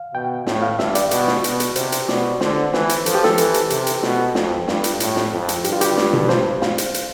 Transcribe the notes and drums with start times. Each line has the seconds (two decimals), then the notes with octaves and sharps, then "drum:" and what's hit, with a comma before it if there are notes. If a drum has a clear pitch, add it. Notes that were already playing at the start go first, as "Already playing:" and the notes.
Already playing: F5
0.14 B2 G5
0.47 A2, drum: snare
0.62 F5
0.79 G2 E5, drum: snare
0.95 D5, drum: hi-hat
1.11 B2, drum: hi-hat
1.27 drum: snare
1.44 B2, drum: hi-hat
1.60 drum: hi-hat
1.76 C3 C5, drum: hi-hat
1.92 drum: hi-hat
2.08 B2 D5, drum: snare
2.41 D3 C5, drum: snare
2.73 E3 B4, drum: snare
2.89 drum: hi-hat
3.06 F3 A4, drum: hi-hat
3.15 G4
3.24 A4, drum: snare
3.38 E3, drum: hi-hat
3.54 drum: hi-hat
3.70 C3, drum: hi-hat
3.87 drum: hi-hat
4.03 B2, drum: snare
4.35 F2 F4, drum: snare
4.68 G2 F4, drum: snare
4.84 drum: hi-hat
5.00 A2, drum: hi-hat
5.16 drum: snare
5.33 F2
5.49 drum: hi-hat
5.64 G2 G4, drum: hi-hat
5.73 F4
5.81 G4, drum: hi-hat
5.97 drum: snare
6.13 drum: tom B2
6.29 C5, drum: snare
6.62 F5, drum: snare
6.78 drum: hi-hat
6.94 drum: hi-hat